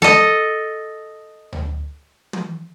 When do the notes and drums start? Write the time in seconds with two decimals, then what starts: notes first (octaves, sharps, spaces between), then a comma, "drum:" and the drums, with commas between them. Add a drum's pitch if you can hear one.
0.02 A4 D#5, drum: snare G#3
1.53 drum: tom D2
2.33 drum: tom